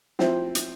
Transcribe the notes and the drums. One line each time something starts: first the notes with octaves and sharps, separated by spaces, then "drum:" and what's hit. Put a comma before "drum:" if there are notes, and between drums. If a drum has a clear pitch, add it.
F3 C4 E4, drum: snare
drum: hi-hat